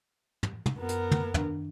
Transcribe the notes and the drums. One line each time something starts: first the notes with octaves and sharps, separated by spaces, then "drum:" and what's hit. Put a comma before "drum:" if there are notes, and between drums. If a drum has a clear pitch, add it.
drum: tom
drum: tom
F#2 B3 A#4
drum: hi-hat
drum: tom
D#3 D4, drum: tom